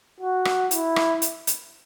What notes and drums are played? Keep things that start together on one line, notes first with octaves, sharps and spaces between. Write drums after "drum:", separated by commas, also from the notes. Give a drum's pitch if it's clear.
F#4
drum: rim click
E4, drum: hi-hat
drum: rim click
drum: hi-hat
drum: hi-hat